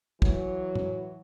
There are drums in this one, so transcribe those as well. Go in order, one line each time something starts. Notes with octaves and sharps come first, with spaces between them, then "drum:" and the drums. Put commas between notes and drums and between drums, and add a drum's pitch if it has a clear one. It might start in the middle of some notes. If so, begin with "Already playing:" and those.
E3 F#3, drum: kick
drum: tom